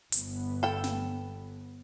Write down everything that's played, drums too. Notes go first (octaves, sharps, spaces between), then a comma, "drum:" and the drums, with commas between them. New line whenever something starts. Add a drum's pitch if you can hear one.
G1 B3, drum: hi-hat
A4 G5
drum: snare